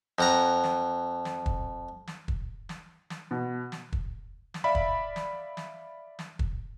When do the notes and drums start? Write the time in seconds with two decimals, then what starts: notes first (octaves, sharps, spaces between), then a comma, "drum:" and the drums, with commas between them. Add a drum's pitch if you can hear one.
0.19 F2 F#5 A#5
0.64 drum: snare
1.25 drum: snare
1.46 drum: kick
2.07 drum: snare
2.28 drum: kick
2.69 drum: snare
3.10 drum: snare
3.31 B2
3.72 drum: snare
3.93 drum: kick
4.54 drum: snare
4.64 D5 E5 F5 B5
4.75 drum: kick
5.16 drum: snare
5.57 drum: snare
6.19 drum: snare
6.39 drum: kick